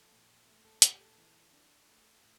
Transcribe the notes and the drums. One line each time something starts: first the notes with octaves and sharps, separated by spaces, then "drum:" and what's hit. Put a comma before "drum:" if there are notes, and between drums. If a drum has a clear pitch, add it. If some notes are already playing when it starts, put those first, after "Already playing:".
Already playing: F3 A4
A#2
A3
A4
A#2 G4, drum: hi-hat
G4
A4
E3
D4
A3
A2